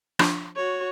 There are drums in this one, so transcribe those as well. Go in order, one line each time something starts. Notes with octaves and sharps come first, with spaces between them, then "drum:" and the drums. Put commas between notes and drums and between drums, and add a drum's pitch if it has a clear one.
F3 D4 F4, drum: rim click
F#4 C#5